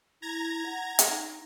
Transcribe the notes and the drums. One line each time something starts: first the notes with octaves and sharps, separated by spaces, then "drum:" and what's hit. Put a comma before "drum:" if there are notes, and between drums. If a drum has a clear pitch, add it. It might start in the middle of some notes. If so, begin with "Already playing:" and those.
E4 A#5 G#6 A#6
F#5
drum: hi-hat
D#4